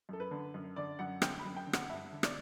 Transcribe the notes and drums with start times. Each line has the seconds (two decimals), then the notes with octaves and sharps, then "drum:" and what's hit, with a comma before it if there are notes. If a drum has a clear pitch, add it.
0.09 F#2 A4
0.20 B4
0.31 D3
0.54 F#2
0.76 D3 D5
0.99 F#2 F#5
1.22 D3 G5, drum: rim click
1.39 B5
1.45 F#2
1.56 G5
1.67 D3
1.73 F#5, drum: rim click
1.89 G2 E5
2.12 D3
2.23 D5, drum: rim click